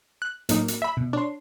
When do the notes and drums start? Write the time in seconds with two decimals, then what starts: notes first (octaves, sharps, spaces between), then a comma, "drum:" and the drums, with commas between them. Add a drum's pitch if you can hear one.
0.22 F#6
0.49 A2 F#3 A#3 D#4, drum: hi-hat
0.68 drum: hi-hat
0.82 E5 B5
0.97 B2
1.13 D4 C#5 C6